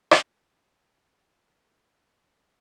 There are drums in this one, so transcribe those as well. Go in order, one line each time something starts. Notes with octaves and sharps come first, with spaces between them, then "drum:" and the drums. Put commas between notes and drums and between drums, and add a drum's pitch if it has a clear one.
drum: rim click
G#4 F#5
G#4 A#4